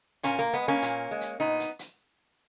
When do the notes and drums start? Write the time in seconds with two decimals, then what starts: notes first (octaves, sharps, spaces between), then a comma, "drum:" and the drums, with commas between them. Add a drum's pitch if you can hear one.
0.23 A#2 A#3 C#4, drum: hi-hat
0.39 A#3
0.53 G#3 B3
0.68 A#3 C#4
0.82 A#2, drum: hi-hat
1.11 G#3
1.21 drum: hi-hat
1.40 A#2 B3 D#4
1.60 drum: hi-hat
1.79 drum: hi-hat